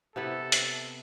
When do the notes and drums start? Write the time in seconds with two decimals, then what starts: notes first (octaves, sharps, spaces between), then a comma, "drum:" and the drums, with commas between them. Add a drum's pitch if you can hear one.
0.16 C3 B3 E4 A4
0.52 drum: hi-hat